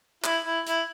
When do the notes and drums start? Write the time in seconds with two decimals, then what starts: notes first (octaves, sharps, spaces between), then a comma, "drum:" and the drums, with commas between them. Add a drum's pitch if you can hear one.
0.24 E4, drum: clap
0.45 E4
0.66 E4, drum: hi-hat